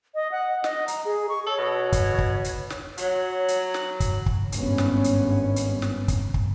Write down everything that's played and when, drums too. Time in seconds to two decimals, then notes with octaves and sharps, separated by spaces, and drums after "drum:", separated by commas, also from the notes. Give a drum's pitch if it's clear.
0.15 D#5
0.32 F#5
0.64 D#5, drum: snare
0.88 A#5, drum: hi-hat
1.05 G#4
1.29 C#6
1.47 A4 C#5
1.58 B2
1.92 drum: kick, hi-hat
2.18 drum: kick
2.44 drum: hi-hat
2.70 drum: snare
2.97 F#3 C#5, drum: hi-hat
3.48 drum: hi-hat
3.74 drum: snare
4.00 drum: kick, hi-hat
4.26 drum: kick
4.52 G#1 G2 B3 C#4, drum: hi-hat
4.78 drum: snare
5.04 drum: hi-hat
5.56 drum: hi-hat
5.82 drum: snare
6.08 drum: kick, hi-hat
6.34 drum: kick